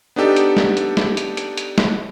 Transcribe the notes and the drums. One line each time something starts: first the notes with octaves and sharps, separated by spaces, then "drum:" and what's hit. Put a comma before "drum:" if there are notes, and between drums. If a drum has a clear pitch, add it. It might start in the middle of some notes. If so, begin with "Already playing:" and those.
B3 D4 D#4 G4 A4
drum: hi-hat
drum: snare
drum: hi-hat
drum: snare
drum: hi-hat
drum: hi-hat
drum: hi-hat
drum: snare